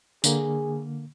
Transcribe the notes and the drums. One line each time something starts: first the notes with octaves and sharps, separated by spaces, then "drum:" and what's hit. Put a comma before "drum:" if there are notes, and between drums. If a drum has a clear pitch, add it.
D3 A#3 G#4, drum: tambourine